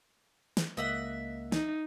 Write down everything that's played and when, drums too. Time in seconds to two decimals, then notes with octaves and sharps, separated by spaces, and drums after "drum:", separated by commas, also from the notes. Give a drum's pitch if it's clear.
0.57 drum: snare
0.77 C#2 A#3 D#5 E5 F#5
1.52 D#4, drum: snare